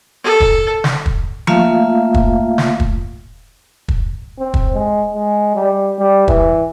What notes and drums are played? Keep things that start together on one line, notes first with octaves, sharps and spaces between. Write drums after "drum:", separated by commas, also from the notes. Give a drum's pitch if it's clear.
A4
drum: kick
drum: snare
drum: kick
A3 A#3 F4 E5 F5, drum: tom F3
drum: kick
drum: snare
drum: kick
drum: kick
C4
drum: kick
G#3
G#3
G3
G3
E3, drum: kick